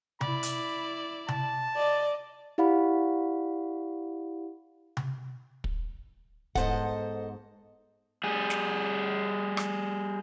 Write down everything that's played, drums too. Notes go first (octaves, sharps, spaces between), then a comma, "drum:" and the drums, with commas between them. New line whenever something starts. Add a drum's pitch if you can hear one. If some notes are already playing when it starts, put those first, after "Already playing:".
E4 D5 B5, drum: tom C3
drum: hi-hat
A5, drum: tom C3
D5 D#5
E4 G4 D5 F5 F#5 B5
drum: tom C3
drum: kick
G#2 B3 A4 C5 D#5 F#5, drum: kick
G3 G#4
drum: snare
drum: rim click